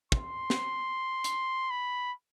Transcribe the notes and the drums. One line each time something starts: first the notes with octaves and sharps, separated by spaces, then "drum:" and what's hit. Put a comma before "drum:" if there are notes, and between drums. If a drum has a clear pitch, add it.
C6, drum: kick
drum: snare
drum: hi-hat
B5